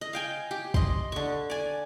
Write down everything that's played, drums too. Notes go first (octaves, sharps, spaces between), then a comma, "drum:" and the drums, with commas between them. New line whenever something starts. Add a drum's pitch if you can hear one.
D#5
F5 G5 G#5
G4
D#5 C6, drum: kick
D3 C#6
D5 G#5